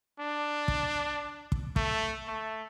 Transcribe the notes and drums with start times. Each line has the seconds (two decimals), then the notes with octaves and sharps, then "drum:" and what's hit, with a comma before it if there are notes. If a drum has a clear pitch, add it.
0.19 D4
0.68 drum: kick
1.52 drum: kick
1.76 A3, drum: kick
2.28 A3